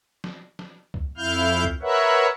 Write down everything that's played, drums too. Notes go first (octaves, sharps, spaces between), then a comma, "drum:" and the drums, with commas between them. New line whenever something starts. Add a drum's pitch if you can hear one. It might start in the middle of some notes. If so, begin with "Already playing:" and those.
drum: snare
drum: snare
drum: kick C2
F2 E4 F5 F6 G6
drum: kick C2
A#4 B4 C#5 E5 F#5